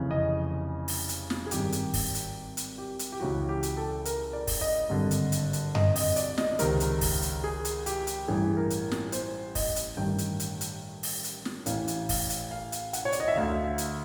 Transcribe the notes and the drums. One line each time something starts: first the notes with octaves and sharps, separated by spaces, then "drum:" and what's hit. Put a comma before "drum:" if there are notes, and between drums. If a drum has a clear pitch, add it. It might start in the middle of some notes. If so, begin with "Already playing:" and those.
Already playing: F1 F2 C#3 E3
D#5
drum: open hi-hat
drum: hi-hat
drum: snare
G#4
G#1 G2 D#3 G4, drum: hi-hat
drum: hi-hat
drum: kick, open hi-hat
drum: hi-hat
drum: hi-hat
G4
drum: hi-hat
G4
C#2 C#3 E3 F#4
G4
drum: hi-hat
A4
A#4, drum: hi-hat
D5
drum: kick, open hi-hat
D#5
G#1 G2 D3
drum: hi-hat
drum: hi-hat
drum: hi-hat
D#5, drum: tom F#2
D#5, drum: open hi-hat
D5, drum: hi-hat
D#5, drum: snare
C#2 C3 D#3 A#4, drum: hi-hat
drum: hi-hat
drum: kick, open hi-hat
drum: hi-hat
G#4
drum: hi-hat
G4, drum: hi-hat
drum: hi-hat
A1 G2 E3 G#4
A#4
drum: hi-hat
drum: snare
C5, drum: hi-hat
D#5, drum: kick, open hi-hat
drum: hi-hat
A1 G2 D#3 G5
drum: hi-hat
drum: hi-hat
drum: hi-hat
drum: open hi-hat
drum: hi-hat
drum: snare
A1 A2 E3 F5, drum: hi-hat
drum: hi-hat
F5, drum: kick, open hi-hat
drum: hi-hat
F5
drum: hi-hat
F#5, drum: hi-hat
C#5
D5, drum: hi-hat
D#5
E5
D2 D3 F5
E5
drum: hi-hat